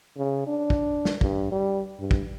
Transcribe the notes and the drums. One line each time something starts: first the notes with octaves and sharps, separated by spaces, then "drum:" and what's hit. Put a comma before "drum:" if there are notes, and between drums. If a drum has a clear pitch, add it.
C#3
D4
drum: kick
drum: snare
G2, drum: kick
G3
G2
drum: kick